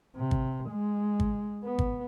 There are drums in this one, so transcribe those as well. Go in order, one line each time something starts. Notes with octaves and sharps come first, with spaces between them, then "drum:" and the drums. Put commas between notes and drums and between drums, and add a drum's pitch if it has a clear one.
C3
drum: kick
G#3
drum: kick
B3
drum: kick